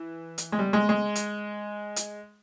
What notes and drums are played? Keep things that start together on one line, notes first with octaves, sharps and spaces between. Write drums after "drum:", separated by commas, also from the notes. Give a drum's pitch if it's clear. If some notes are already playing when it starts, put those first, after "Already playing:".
Already playing: E3
drum: hi-hat
G#3
G3
G#3
G#3
drum: hi-hat
drum: hi-hat